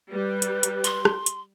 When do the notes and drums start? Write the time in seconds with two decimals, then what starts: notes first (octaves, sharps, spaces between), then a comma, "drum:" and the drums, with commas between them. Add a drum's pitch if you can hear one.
0.12 G3 B4
0.42 drum: hi-hat
0.63 drum: hi-hat
0.84 C6, drum: hi-hat
1.05 drum: rim click
1.26 drum: hi-hat